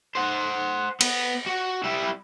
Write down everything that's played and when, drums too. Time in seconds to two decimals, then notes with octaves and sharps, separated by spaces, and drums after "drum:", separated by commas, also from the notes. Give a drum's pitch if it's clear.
0.15 C5 F#5
1.01 B3, drum: cymbal
1.46 F#4
1.84 G3 E4